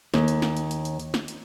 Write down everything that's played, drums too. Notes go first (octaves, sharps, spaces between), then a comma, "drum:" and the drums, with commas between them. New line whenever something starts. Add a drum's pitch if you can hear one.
D#2, drum: snare
drum: hi-hat
drum: snare
drum: hi-hat
drum: hi-hat
drum: hi-hat
drum: hi-hat
drum: snare
drum: hi-hat